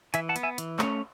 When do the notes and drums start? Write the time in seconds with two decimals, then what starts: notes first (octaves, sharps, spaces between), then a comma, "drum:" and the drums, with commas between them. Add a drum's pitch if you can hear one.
0.14 E3 E5 G#5, drum: hi-hat
0.29 F#5 A5
0.36 B3, drum: hi-hat
0.43 E5 G#5
0.58 E3, drum: hi-hat
0.79 A3 C#4, drum: clap